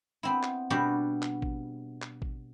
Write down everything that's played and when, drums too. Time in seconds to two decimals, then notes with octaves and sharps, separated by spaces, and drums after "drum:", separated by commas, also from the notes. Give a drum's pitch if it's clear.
0.23 B3 C4 E4
0.43 drum: clap
0.70 B2 G3 B3 D4 F#4 G4
1.22 drum: clap
1.42 drum: kick
2.02 drum: clap
2.22 drum: kick